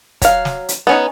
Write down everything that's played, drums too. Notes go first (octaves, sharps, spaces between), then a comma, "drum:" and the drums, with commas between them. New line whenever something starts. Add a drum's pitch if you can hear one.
F#3 F5, drum: kick, hi-hat
drum: snare
drum: hi-hat
B3 C#4 D#4